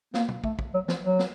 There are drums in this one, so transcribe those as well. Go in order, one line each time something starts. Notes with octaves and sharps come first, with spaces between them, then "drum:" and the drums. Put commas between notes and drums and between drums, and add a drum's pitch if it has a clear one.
A#3, drum: snare
drum: tom
A3, drum: kick
drum: kick
F#3
F3, drum: snare
F#3
drum: snare